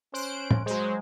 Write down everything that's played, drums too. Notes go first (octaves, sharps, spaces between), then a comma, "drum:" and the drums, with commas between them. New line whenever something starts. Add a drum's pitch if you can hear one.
C#4 C5 F#6 D7
drum: tom
F#3 G#3 C5